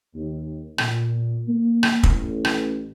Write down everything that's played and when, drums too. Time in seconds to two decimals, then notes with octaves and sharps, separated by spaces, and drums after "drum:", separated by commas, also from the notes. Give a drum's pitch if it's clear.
0.14 D#2
0.78 A#2, drum: rim click
1.47 A#3
1.83 drum: rim click
2.03 A1, drum: kick
2.45 drum: rim click